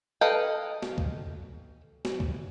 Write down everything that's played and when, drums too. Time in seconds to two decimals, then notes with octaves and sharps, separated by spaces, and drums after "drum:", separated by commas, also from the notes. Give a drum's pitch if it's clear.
0.21 A4 B4 D#5 F5 G5
0.82 drum: snare
0.98 drum: kick C#2
2.05 drum: snare
2.20 drum: kick C#2